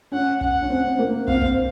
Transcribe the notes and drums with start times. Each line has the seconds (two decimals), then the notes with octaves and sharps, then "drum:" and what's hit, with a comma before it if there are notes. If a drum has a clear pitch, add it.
0.12 C#4 F#5
0.41 F#5, drum: kick
0.62 C#4
0.70 C4
0.98 A#3
1.27 C4 F5, drum: kick
1.41 drum: kick